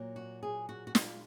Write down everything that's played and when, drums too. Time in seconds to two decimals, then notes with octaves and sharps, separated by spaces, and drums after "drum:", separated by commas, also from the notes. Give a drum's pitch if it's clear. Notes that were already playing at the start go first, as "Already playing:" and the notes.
Already playing: A#2 F#3
0.16 F#4
0.43 G#4
0.69 F#4
0.87 F#4
0.95 F4, drum: snare